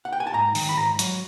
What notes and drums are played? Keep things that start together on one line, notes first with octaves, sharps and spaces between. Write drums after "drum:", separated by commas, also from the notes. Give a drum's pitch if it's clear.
F#5
G5
G#5
A5
G#2 A#5
D#3, drum: open hi-hat
B5
G#2 A#5
F#3, drum: hi-hat